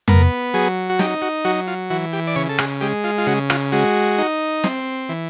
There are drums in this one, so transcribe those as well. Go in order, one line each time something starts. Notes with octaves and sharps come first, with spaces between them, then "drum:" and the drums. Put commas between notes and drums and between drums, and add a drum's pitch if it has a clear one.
B3 A#4, drum: tom F2
F#3 G#4
F#4
D#4 G4, drum: snare
F#4
F#3 F#4
F4
E3 F#4
G4
D5
C#3 C#5
A4
G#4, drum: rim click
G#3 G4
F4
F4
C#3 F#4
F4, drum: rim click
G#3 F#4
D#4
C4, drum: snare
E3